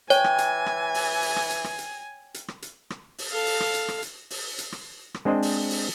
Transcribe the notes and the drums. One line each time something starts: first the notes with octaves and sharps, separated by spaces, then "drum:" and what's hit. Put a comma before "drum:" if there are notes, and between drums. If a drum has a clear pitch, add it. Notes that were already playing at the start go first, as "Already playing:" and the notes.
E3 C#5 G5 G#5, drum: hi-hat
drum: rim click
drum: hi-hat
drum: rim click
drum: open hi-hat
drum: open hi-hat
drum: rim click
drum: hi-hat
drum: rim click
drum: hi-hat
drum: hi-hat
drum: rim click
drum: hi-hat
drum: rim click
drum: open hi-hat
A4 F5
drum: open hi-hat
drum: rim click
drum: hi-hat
drum: rim click
drum: hi-hat
drum: open hi-hat
drum: hi-hat
drum: rim click
drum: rim click
G#3 C4 D4 C5 D#5
drum: open hi-hat
drum: open hi-hat